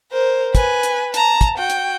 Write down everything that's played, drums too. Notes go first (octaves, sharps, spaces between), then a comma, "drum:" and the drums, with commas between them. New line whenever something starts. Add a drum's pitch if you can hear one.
A#4 C5
B4 G#5, drum: kick, hi-hat
drum: hi-hat
A5 A#5, drum: hi-hat
drum: kick, hi-hat
F#4 G5
drum: hi-hat